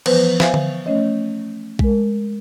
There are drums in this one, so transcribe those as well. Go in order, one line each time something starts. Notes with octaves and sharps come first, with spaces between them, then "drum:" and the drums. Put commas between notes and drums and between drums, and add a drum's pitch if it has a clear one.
E3 F3 B3 B4 C5, drum: cymbal
C5 E5 F5 G#5, drum: snare
drum: tom D3
A3 C#4 C#5 D#5
G#3 A#4, drum: kick A#1